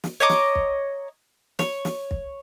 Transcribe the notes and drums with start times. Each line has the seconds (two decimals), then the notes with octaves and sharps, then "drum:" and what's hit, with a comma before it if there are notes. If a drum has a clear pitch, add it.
0.04 drum: snare
0.20 C#5 D#5 A#5 D6
0.29 drum: snare
0.55 drum: kick
1.59 C#5, drum: snare
1.85 drum: snare
2.11 drum: kick